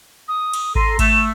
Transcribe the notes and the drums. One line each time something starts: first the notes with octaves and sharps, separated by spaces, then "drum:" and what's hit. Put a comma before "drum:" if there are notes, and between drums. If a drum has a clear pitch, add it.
D#6
drum: cymbal
A4 A#5 C6 D#7, drum: kick G#1
A3 E7, drum: kick G#1, cymbal